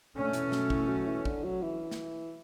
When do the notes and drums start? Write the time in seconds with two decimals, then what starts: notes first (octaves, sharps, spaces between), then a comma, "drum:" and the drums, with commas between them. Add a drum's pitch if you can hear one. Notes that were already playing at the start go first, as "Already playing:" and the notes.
0.15 B2 D3 A3 C#4
0.33 E3, drum: hi-hat
0.52 F#3, drum: snare
0.70 E3, drum: kick
0.88 F#3
1.07 E3
1.25 D3, drum: kick
1.44 F#3
1.62 E3
1.91 drum: snare